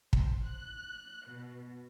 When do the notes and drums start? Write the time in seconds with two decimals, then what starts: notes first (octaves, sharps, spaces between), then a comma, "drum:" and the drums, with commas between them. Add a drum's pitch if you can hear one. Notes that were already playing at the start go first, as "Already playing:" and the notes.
0.13 C5, drum: kick
0.44 F#6
1.28 B2